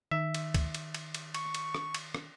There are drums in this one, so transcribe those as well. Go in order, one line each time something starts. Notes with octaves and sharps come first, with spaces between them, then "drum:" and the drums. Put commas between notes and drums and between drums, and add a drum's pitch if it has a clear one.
D#3 E5
drum: cymbal
drum: kick, cymbal
drum: cymbal
drum: cymbal
drum: cymbal
C#6, drum: cymbal
drum: cymbal
drum: rim click
drum: cymbal
drum: rim click